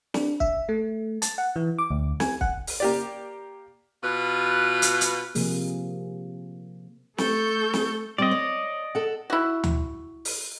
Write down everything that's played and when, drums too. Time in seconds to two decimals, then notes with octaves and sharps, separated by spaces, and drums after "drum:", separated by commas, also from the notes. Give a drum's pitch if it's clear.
0.14 D4, drum: snare
0.40 E5, drum: kick
0.69 A3
1.22 A5, drum: hi-hat
1.38 F#5
1.56 E3
1.78 D6
1.91 D2
2.20 G#5, drum: snare
2.41 F#5, drum: kick
2.67 drum: open hi-hat
2.80 A#3 G4 D5
4.03 B2 F4 B4
4.82 drum: hi-hat
5.01 drum: hi-hat
5.35 C3 F3 A#3 G#4, drum: open hi-hat
7.18 A3 A4 C#6 G6, drum: snare
7.73 drum: snare
8.18 G3 C4 D5 D#5
8.31 C#5
8.95 A4 F#5
9.30 E4 F#4
9.64 drum: tom D2
10.25 drum: open hi-hat